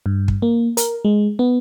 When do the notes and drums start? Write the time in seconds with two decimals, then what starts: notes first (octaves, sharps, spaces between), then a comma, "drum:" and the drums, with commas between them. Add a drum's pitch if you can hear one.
0.06 G2
0.28 drum: kick
0.42 A#3
0.77 A#4, drum: hi-hat
1.05 G#3
1.39 B3